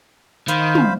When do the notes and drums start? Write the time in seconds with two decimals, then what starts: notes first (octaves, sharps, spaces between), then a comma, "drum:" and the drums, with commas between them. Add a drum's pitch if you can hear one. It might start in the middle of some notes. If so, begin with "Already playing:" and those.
0.48 D#3 C5 F5 B5, drum: hi-hat
0.75 drum: tom